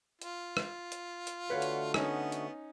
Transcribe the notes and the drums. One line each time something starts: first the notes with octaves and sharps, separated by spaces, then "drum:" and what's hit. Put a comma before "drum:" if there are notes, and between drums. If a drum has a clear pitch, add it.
F4, drum: hi-hat
drum: rim click
drum: hi-hat
drum: hi-hat
D3 A3 F#4 B4 C#5 F5
drum: hi-hat
B3 C#4 D#4, drum: rim click
drum: hi-hat